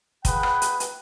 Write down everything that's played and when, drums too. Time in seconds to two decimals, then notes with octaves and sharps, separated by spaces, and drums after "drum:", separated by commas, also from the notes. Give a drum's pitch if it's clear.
0.25 G#4 B4 F#5 G5, drum: kick, hi-hat
0.43 drum: rim click
0.62 drum: hi-hat
0.80 drum: hi-hat